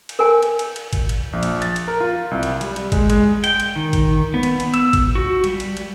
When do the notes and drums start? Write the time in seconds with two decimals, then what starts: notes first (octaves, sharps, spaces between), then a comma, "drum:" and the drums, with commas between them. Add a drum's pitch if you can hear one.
0.09 drum: cymbal
0.19 A#4 G#5
0.43 drum: cymbal
0.59 drum: cymbal
0.76 drum: cymbal
0.93 drum: kick, cymbal
1.09 drum: cymbal
1.33 A#1
1.43 drum: cymbal
1.62 A6, drum: cymbal
1.76 drum: cymbal
1.88 A#4
2.00 F4
2.31 C2
2.43 drum: cymbal
2.61 G3, drum: cymbal
2.76 drum: cymbal
2.92 G#3, drum: kick, cymbal
3.10 G#3, drum: cymbal
3.44 G5, drum: cymbal
3.60 drum: cymbal
3.76 D#3
3.93 drum: kick, cymbal
4.34 B3
4.43 drum: cymbal
4.60 drum: cymbal
4.74 E6, drum: cymbal
4.93 drum: kick, cymbal
5.15 F#4
5.44 G3, drum: cymbal
5.60 drum: cymbal
5.77 drum: cymbal